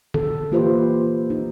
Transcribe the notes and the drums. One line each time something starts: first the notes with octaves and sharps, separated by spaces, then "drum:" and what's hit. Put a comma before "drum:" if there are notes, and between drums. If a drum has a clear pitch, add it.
A4, drum: tom D3
E3 A#3 F4 G4 B4 C5
D#4